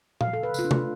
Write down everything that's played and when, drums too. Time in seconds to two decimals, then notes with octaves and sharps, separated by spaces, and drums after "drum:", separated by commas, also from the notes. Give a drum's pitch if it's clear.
0.21 F3 F5, drum: tom A#2
0.33 C#3 A4
0.43 B4
0.54 C#3 F4, drum: tambourine
0.65 D4
0.71 A3, drum: tom C3